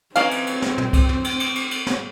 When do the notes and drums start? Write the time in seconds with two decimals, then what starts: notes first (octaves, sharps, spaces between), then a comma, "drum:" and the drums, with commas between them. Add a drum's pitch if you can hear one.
0.16 E3 C4 C#4 D#4 F5, drum: cymbal
0.31 drum: cymbal
0.47 drum: cymbal
0.62 drum: snare
0.78 drum: tom
0.93 drum: kick C2, cymbal
1.09 drum: tom
1.24 drum: cymbal
1.40 drum: cymbal
1.55 drum: cymbal
1.71 drum: cymbal
1.86 drum: snare